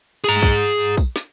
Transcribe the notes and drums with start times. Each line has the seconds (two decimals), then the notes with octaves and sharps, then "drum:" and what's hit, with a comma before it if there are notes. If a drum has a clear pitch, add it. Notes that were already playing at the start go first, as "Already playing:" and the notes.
0.24 G#4 A#5, drum: tambourine
0.43 drum: kick, tambourine
0.61 drum: tambourine
0.79 drum: tambourine
0.97 drum: kick, tambourine
1.16 drum: snare